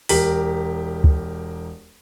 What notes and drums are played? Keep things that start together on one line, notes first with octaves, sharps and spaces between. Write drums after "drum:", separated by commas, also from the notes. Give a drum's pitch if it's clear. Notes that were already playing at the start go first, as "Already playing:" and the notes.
E1 G4 A#4 B6, drum: open hi-hat
drum: kick